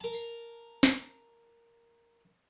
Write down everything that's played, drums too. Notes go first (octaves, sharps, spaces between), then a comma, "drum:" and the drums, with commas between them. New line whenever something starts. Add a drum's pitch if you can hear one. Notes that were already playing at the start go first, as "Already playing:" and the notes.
A#4 A5
drum: tambourine
drum: snare